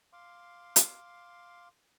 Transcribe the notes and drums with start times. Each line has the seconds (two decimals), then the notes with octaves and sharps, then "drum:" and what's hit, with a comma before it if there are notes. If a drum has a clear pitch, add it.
0.13 F5 C6 D6
0.76 drum: hi-hat